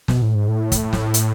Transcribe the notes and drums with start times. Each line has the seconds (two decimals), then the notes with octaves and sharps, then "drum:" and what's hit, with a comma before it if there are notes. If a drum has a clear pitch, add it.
0.08 B2, drum: snare
0.22 A2
0.35 G#2
0.48 A2
0.72 drum: kick, hi-hat
0.93 drum: snare
1.14 drum: hi-hat